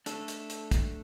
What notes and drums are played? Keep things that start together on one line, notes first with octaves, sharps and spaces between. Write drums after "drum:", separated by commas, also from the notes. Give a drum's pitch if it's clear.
A3 D4 A4, drum: hi-hat
drum: hi-hat
drum: hi-hat
drum: kick, hi-hat